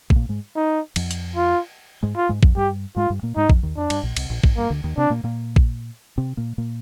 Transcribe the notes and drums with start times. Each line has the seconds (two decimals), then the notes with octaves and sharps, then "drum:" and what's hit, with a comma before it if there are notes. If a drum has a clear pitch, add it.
0.10 G#3, drum: kick A1
0.16 A#2 A#3
0.29 G#2 G#3
0.56 D#4
0.96 F2 F3, drum: cymbal
1.11 drum: hi-hat
1.36 F4
2.03 G#2 G#3
2.16 F4
2.29 G#2 G#3
2.43 F2 F3, drum: kick A1
2.56 G2 G3 G4
2.96 G#2 G#3 F4
3.10 G2 G3
3.23 A#2 A#3
3.36 G#2 G#3 D#4
3.50 F2 F3, drum: kick A1
3.63 D#2 D#3
3.76 F2 D4
3.90 G2, drum: cymbal
4.03 A#1 A#2
4.17 C2 C3, drum: cymbal
4.30 A#1 A#2
4.44 G#1 G#2, drum: kick A1
4.57 G2 A#3
4.70 D2 D3
4.84 D#2 D#3
4.97 C3 C4 D4
5.10 A#2 A#3
5.24 A#2 A#3
5.56 drum: kick A1
6.18 C3 C4
6.37 A#2 A#3
6.58 A#2 A#3